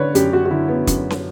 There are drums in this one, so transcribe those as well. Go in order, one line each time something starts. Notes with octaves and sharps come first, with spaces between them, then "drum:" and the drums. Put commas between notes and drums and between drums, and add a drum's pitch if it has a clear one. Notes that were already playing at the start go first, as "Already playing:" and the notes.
Already playing: D3 B4 C#5 D5
F#2 G4, drum: hi-hat
F#4
F#4
D3 E4
B3
F#2, drum: kick, hi-hat
drum: snare